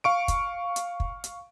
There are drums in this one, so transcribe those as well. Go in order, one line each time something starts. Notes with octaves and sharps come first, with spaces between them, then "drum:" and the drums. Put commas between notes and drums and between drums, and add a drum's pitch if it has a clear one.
F5 C#6 D7
drum: kick, hi-hat
drum: hi-hat
drum: kick
drum: hi-hat